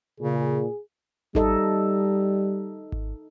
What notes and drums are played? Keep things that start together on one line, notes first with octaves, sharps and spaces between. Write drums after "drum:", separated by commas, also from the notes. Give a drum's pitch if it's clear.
A#2 C#3 G#4
G3 D#4 A4 D#5, drum: kick G#1
drum: kick G#1